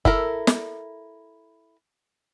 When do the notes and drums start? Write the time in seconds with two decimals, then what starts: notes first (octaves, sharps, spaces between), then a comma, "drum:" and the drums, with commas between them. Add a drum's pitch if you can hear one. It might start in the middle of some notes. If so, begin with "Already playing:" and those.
0.05 E4 A4 A#4, drum: kick F#1
0.47 drum: snare